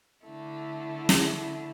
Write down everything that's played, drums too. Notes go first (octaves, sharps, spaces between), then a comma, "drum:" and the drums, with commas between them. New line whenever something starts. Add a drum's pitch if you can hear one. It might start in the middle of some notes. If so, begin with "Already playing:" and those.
D3 A3 E4
drum: snare